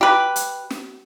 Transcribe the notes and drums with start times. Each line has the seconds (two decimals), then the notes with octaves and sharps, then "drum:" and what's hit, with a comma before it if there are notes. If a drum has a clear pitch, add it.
0.01 G4 B4
0.36 drum: hi-hat
0.70 drum: snare